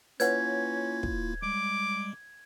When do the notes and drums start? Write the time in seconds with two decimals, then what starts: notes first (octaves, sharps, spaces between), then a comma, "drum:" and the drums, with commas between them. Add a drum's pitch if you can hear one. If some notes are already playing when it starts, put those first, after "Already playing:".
0.20 A#3 C#4 E4 F4 B4 C#5 F#5 G#6, drum: hi-hat
1.03 drum: kick
1.42 G3 G#3 D6